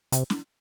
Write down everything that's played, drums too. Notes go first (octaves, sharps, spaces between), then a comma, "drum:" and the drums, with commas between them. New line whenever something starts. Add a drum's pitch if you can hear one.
C3, drum: hi-hat
drum: snare